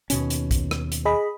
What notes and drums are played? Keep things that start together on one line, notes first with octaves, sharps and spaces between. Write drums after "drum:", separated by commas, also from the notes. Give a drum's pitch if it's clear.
D#2 B2 C#4, drum: hi-hat
drum: hi-hat
drum: kick, hi-hat
drum: rim click
drum: hi-hat
G#4 D#5 B5